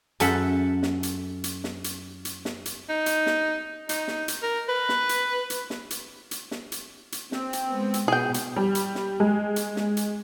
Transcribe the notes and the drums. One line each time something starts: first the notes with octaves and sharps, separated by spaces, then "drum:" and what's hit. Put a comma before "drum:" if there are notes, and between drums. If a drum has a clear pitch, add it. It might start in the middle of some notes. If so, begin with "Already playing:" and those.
F#2 A4 E5 F#5, drum: hi-hat
drum: snare
drum: hi-hat
drum: hi-hat
drum: snare
drum: hi-hat
drum: hi-hat
drum: snare
drum: hi-hat
D#4
drum: hi-hat
drum: snare
D#4, drum: hi-hat
drum: snare
drum: hi-hat
A#4
B4
drum: snare
drum: hi-hat
drum: hi-hat
drum: snare
drum: hi-hat
drum: hi-hat
drum: snare
drum: hi-hat
drum: hi-hat
C4, drum: snare
drum: hi-hat
G#3 B3
drum: hi-hat
B2 B3 G#4 G5
drum: hi-hat
G3
drum: hi-hat
drum: snare
G#3
drum: hi-hat
drum: snare
drum: hi-hat